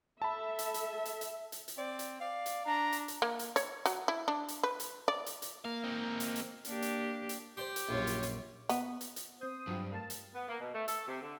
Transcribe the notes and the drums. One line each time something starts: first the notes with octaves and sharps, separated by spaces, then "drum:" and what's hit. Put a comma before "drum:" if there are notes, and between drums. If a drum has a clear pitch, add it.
A4 E5 A5 B5
drum: hi-hat
drum: hi-hat
drum: hi-hat
drum: hi-hat
drum: hi-hat
drum: hi-hat
C4 D5
drum: hi-hat
D5 F5
drum: hi-hat
D4 A#5
drum: hi-hat
drum: hi-hat
A#3
drum: hi-hat
C#5, drum: hi-hat
F#3, drum: hi-hat
E4
D4
drum: hi-hat
B4
drum: hi-hat
D5
drum: hi-hat
drum: hi-hat
A#3 F5
C4 D#4
drum: hi-hat
drum: hi-hat
A#3 D4 G4, drum: hi-hat
drum: hi-hat
drum: hi-hat
G4 C5 D5 C6
drum: hi-hat
A#1 F#2 F4 C#5
drum: hi-hat
drum: hi-hat
B3, drum: hi-hat
drum: hi-hat
drum: hi-hat
C4 C5 D#6 G6
G2 F#3 F4 F#5
A3 A#4 F5 A5
drum: hi-hat
B3
A#3
B2
A3
A4, drum: hi-hat
C3
D3